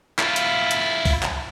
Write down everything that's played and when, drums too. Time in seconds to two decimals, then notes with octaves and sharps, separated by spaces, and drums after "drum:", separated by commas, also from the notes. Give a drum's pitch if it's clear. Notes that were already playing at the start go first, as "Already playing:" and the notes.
0.19 E4 F4, drum: clap
0.36 drum: hi-hat
0.71 drum: hi-hat
1.05 drum: kick C2, open hi-hat
1.23 drum: clap